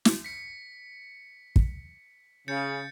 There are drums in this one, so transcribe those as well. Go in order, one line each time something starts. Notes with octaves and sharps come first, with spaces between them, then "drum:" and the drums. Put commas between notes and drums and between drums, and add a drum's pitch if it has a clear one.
drum: snare
B6 C#7
drum: kick
C#3 G6 A6 C#7